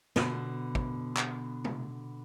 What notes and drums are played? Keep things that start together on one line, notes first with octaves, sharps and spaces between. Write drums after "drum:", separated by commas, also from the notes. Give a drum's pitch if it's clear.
B2 D3, drum: snare
drum: kick
drum: clap
drum: tom C3